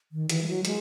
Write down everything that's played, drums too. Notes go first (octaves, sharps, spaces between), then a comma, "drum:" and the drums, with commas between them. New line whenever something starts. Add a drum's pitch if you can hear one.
D#3
E3, drum: hi-hat
G#3
F#3
G#3, drum: hi-hat